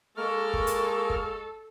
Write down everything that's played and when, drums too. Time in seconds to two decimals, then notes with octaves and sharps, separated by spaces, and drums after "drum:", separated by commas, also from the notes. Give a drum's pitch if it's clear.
0.17 G#3 A#3 A4 A#4 C#6 F6
0.54 drum: kick
0.67 drum: hi-hat
1.10 drum: kick